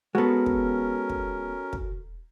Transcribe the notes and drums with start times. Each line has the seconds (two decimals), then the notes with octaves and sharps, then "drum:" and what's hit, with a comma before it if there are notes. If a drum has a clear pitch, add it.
0.15 G#3 B3 C#4 F#4 A4 A#4
0.46 drum: kick
1.10 drum: kick
1.73 drum: kick